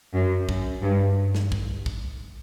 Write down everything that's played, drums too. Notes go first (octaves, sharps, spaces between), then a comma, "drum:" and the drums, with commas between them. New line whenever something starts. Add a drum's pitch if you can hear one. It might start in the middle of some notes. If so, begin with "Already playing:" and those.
F#2
F#2, drum: kick
G2
drum: snare
drum: kick
drum: kick